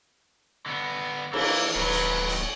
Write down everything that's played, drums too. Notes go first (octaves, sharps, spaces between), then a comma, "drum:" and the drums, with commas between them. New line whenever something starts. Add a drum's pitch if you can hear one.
D3 B3
E3 A#3, drum: cymbal
D1 D#2 F#3 B4
drum: hi-hat
drum: hi-hat